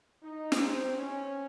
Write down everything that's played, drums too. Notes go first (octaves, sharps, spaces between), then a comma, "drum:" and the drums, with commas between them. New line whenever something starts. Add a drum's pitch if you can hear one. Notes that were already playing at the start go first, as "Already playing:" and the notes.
D#4
drum: snare
C4
C#4